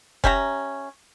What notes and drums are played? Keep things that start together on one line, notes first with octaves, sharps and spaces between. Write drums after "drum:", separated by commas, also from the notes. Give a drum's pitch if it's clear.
C#4 G4 E5 A#5, drum: kick F1